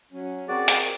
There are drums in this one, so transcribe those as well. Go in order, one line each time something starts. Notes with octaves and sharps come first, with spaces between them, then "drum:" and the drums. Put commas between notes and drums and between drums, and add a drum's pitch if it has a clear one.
F#3 C#4
C4 F#4 G#4 A#4 D5
drum: hi-hat